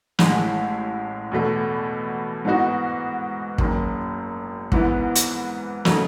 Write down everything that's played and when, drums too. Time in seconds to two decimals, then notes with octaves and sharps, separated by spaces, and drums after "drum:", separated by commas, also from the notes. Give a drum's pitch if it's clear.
0.19 A1 A2 G#3, drum: snare
1.32 E2 B2 A3
2.45 G#2 E3 B3 D#4 F#4
3.58 F#1 F#2 D#3, drum: kick
4.72 G#2 E3 B3 E4, drum: kick
5.15 drum: hi-hat
5.85 C#3 F#3 A3 D#4, drum: snare